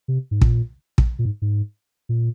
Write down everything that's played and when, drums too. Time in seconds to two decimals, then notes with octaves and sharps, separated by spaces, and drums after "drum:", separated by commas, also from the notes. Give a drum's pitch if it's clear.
0.08 C3
0.31 G#2
0.42 A#2, drum: kick
0.98 drum: kick
1.19 A#2
1.25 G#2
1.42 G#2
2.09 A#2